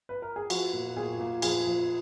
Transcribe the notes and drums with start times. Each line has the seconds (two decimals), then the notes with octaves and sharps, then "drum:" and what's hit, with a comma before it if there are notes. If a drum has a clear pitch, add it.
0.09 B4
0.22 A#4
0.36 G#4
0.50 F3 F#4, drum: cymbal
0.73 A#2
0.97 A#2 G#4
1.19 A#2
1.42 F3 G#4, drum: cymbal
1.66 F3